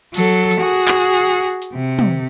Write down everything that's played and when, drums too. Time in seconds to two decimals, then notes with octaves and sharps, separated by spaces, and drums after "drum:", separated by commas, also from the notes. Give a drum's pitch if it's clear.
0.14 F#3 A4, drum: open hi-hat
0.51 drum: hi-hat
0.61 F#4 G#4
0.88 drum: clap
1.25 drum: hi-hat
1.62 drum: hi-hat
1.73 C3
1.99 drum: tom